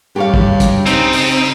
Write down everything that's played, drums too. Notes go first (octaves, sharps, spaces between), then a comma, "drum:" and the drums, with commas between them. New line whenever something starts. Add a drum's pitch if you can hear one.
G2 G4 C#5 F5
drum: kick
drum: kick, hi-hat
C#3 C4 D#4, drum: hi-hat
drum: open hi-hat